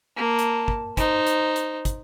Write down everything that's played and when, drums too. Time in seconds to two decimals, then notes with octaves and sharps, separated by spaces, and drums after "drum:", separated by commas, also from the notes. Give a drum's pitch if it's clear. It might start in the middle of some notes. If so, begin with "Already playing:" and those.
0.17 A#3 A5
0.39 drum: hi-hat
0.68 drum: kick
0.97 D#4 C5, drum: kick, hi-hat
1.27 drum: hi-hat
1.56 drum: hi-hat
1.85 drum: kick, hi-hat